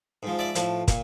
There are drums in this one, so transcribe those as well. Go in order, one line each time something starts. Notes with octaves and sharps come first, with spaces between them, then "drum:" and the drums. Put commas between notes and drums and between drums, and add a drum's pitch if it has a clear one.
G#2 F3
D5 E5
A2 F3, drum: hi-hat
A#2, drum: kick, hi-hat